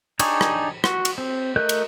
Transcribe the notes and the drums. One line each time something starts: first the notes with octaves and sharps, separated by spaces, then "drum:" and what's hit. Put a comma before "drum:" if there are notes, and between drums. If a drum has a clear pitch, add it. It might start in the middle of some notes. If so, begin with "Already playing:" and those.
D4 D#4 G4 G#4 C#5, drum: cymbal
drum: rim click
F#4, drum: rim click
drum: cymbal
C4
A3 A#4 D#5 F#6 G6
drum: cymbal